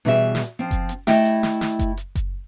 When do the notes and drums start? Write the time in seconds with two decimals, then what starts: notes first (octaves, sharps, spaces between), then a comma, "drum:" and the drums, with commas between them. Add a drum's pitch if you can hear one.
0.05 B2 E3 G3 G#4 B4 E5
0.35 drum: snare
0.59 F3 C4
0.71 drum: kick F#1, hi-hat
0.89 drum: hi-hat
1.07 A3 E4 G4 D#5 E5 G5, drum: snare
1.25 drum: open hi-hat
1.43 drum: snare
1.61 drum: snare
1.79 drum: kick F#1, hi-hat
1.97 drum: hi-hat
2.15 drum: kick F#1, hi-hat